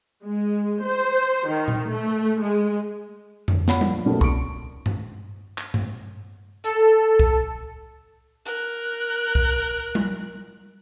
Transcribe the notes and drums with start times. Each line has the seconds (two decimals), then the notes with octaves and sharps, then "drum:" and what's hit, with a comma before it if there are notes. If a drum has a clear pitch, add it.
0.24 G#3
0.83 C5
1.49 D#3
1.68 drum: tom A#2
1.90 A3
2.40 G#3
3.48 drum: tom F2
3.68 F4 C#5 F#5 B5, drum: snare
3.81 A#1, drum: tom G3
4.06 B1 G2 C#3 A3 A#3
4.21 C#6 D7, drum: kick C2
4.86 drum: tom G2
5.58 drum: clap
5.74 drum: tom G2
6.64 A4, drum: hi-hat
7.20 drum: kick C2
8.46 A#4 F#6, drum: hi-hat
9.35 drum: kick C2
9.95 drum: tom G3